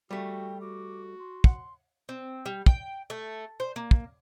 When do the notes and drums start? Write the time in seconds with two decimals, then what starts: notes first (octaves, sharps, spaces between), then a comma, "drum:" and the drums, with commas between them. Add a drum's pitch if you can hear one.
0.11 G3 A3 F#4 G5
0.61 F#4 D6
1.19 C6
1.44 F#5, drum: kick
2.09 C4
2.46 G3
2.66 G5, drum: kick
3.10 A3
3.60 C5
3.76 A#3
3.91 drum: kick